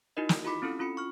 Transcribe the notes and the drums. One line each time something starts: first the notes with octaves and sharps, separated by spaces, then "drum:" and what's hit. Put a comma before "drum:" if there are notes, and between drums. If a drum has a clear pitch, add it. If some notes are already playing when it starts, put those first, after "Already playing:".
D#4 E4 F#4 A#4 D#5
drum: snare
F4 G4 B5 D6 B6
C4 C#4 E4 A4
C#4 F4 B5 C#7
C#6 F6